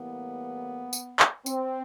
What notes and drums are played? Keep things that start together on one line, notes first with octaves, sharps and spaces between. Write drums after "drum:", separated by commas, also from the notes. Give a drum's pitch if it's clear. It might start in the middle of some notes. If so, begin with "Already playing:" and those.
Already playing: A2 E3 G3 A#3 B3
drum: tambourine
drum: clap
C4, drum: tambourine